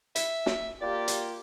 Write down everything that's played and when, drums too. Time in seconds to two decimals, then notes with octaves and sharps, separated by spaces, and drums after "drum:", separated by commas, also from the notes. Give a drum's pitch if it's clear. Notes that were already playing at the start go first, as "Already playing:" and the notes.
0.16 E5, drum: hi-hat
0.46 drum: snare
0.81 A#3 F4 G4 D5
1.08 drum: hi-hat